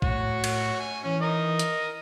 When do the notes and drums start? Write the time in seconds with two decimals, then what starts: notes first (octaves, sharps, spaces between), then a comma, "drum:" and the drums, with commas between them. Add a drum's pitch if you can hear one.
0.02 A2 F#4 C#5, drum: kick
0.44 drum: cymbal
0.80 G#5
1.05 E3 C#4
1.22 A#4 D#5
1.59 drum: hi-hat